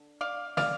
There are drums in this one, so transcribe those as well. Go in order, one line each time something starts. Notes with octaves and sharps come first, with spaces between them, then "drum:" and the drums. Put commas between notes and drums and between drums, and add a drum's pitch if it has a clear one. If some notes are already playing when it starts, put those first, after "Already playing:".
Already playing: D3
D5 F5
D5 F5, drum: snare